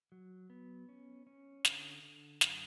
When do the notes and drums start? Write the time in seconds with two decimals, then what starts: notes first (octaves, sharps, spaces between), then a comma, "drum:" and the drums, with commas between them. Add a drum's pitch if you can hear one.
0.12 F#3
0.50 B3
0.89 C#4
1.27 C#4
1.65 D3, drum: snare
2.03 D3
2.41 F#2, drum: snare